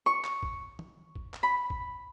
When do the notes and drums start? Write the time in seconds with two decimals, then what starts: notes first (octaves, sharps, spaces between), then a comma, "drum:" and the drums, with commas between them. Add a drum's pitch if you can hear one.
0.06 C#6
0.24 drum: clap
0.43 drum: kick A1
0.79 drum: tom D#3
1.15 drum: kick A1
1.34 drum: clap
1.43 B5
1.70 drum: kick A1